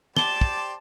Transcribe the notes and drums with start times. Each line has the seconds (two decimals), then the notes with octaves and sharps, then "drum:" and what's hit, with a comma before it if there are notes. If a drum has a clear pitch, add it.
0.17 G4 C5 D5 A5 G7, drum: snare
0.41 drum: kick